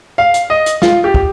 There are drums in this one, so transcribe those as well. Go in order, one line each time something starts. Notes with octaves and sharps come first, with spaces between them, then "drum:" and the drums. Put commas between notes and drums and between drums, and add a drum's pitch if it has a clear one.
F5
drum: hi-hat
D#5
drum: hi-hat
F4, drum: snare
G4
drum: kick